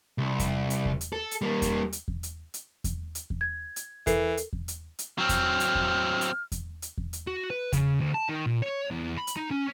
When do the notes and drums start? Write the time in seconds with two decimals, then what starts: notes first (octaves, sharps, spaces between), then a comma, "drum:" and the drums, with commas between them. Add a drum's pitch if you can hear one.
0.18 C2
0.39 drum: kick E2, hi-hat
0.70 drum: hi-hat
0.85 drum: kick E2
1.01 drum: hi-hat
1.13 A4
1.31 drum: hi-hat
1.42 G3 A#3
1.62 drum: kick E2, hi-hat
1.92 drum: hi-hat
2.08 drum: kick E2
2.23 drum: hi-hat
2.54 drum: hi-hat
2.84 drum: kick E2, hi-hat
3.15 drum: hi-hat
3.30 drum: kick E2
3.41 G#6
3.76 drum: hi-hat
4.07 E3 A4 A#4 C7, drum: kick E2, hi-hat
4.37 drum: hi-hat
4.53 drum: kick E2
4.68 drum: hi-hat
4.99 drum: hi-hat
5.18 F#3 C4 F6
5.29 drum: kick E2, hi-hat
5.60 drum: hi-hat
5.75 drum: kick E2
6.21 drum: hi-hat
6.52 drum: kick E2, hi-hat
6.82 drum: hi-hat
6.98 drum: kick E2
7.13 drum: hi-hat
7.27 F#4
7.50 B4
7.73 C#3, drum: kick E2, hi-hat
8.00 D2
8.14 A5
8.29 D#3
8.46 A#2
8.62 C#5
8.91 E2
9.18 B5
9.27 drum: hi-hat
9.37 D#4
9.51 C#4